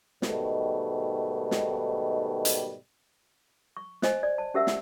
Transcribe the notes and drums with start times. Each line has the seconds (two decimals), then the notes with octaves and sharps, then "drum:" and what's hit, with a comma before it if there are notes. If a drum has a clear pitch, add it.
0.22 G#2 B2 D#3 G3 A3, drum: snare
1.51 drum: snare
2.45 drum: hi-hat
3.77 C#6
4.02 C5 D#5 G#5, drum: snare
4.23 D5
4.38 A5
4.54 C#4 G4 A#4 E5 F#5 E6
4.67 F#5, drum: snare